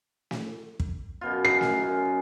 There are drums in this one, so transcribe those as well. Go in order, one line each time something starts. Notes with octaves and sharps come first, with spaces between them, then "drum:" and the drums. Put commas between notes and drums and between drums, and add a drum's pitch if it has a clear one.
drum: snare
drum: kick
F#2 B2 F4
D#4 G#4 A#4 C7
drum: snare
C#4